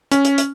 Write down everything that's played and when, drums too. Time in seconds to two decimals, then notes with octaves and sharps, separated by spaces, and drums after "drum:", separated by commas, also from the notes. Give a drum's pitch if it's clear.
0.11 C#4, drum: hi-hat
0.25 drum: hi-hat
0.38 drum: hi-hat